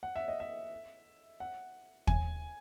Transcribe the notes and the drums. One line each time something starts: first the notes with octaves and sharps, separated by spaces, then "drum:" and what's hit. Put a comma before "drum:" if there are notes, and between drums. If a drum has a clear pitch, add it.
F#5
E5
D#5
E5
F#5
G#5, drum: kick